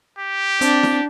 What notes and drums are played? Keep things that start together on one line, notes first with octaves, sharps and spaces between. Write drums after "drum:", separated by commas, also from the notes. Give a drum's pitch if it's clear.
G4
C4 D4, drum: hi-hat
drum: snare E4